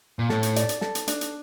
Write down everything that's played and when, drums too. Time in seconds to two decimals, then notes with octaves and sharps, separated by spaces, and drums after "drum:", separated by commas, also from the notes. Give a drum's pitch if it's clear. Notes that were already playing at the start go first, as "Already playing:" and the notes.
0.19 A#2
0.29 A2 A4, drum: snare
0.43 drum: hi-hat
0.56 D5, drum: hi-hat
0.69 drum: hi-hat
0.81 A4, drum: snare
0.95 drum: hi-hat
1.08 D4, drum: hi-hat
1.21 drum: hi-hat